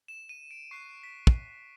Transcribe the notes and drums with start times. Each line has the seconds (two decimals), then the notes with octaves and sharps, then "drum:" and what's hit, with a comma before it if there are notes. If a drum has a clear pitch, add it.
0.08 E7
0.29 D#7
0.51 D7
0.71 C#6 F#6 C7
1.03 B6
1.27 drum: kick